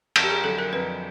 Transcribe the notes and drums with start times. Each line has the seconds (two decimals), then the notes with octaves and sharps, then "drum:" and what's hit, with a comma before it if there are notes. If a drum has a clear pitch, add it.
0.16 F2, drum: cymbal
0.23 G4
0.30 G#4
0.44 D3 F#3 A4
0.59 A#4
0.72 F2 B4